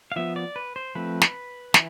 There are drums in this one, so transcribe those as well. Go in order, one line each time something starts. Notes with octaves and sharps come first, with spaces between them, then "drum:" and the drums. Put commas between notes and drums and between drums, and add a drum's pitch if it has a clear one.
F5
F3 B3 E5
D5
B4
C5
F3 A3 C4 B4
drum: snare
E3, drum: snare